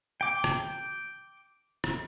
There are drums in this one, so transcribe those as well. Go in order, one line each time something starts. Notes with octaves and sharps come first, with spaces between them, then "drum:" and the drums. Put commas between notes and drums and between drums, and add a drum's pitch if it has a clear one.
G5 D6
drum: rim click
drum: rim click